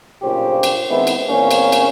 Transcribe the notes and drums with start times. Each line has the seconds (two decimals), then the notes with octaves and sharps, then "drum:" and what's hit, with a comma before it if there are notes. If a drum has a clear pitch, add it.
0.22 B1 G2 A#2 C#3 G4 C5
0.63 drum: cymbal
0.90 D#3 G#3 B3 C4 E4
1.07 drum: cymbal
1.29 E2 A#2 A#3 C4 C#4
1.51 drum: cymbal
1.72 drum: cymbal